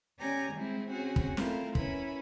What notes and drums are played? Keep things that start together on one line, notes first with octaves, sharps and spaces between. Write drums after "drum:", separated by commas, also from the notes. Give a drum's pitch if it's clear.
C#4 G4 D5 G#5 A#5
G3 G#3 C4 E4
C4 C#4 F#4 G#4
drum: kick
A3 C4 E4 F4 A4 A#4, drum: snare
C#4 E4 A#4 B4 B5, drum: kick